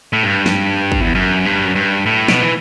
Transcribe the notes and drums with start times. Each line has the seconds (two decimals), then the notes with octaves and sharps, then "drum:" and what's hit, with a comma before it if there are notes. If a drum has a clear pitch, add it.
0.13 A2
0.23 G2
0.46 drum: snare
0.92 drum: kick
1.01 E2
1.15 F#2
1.45 G2
1.65 F#2
1.75 G2
2.06 A2
2.28 B2, drum: snare
2.42 E3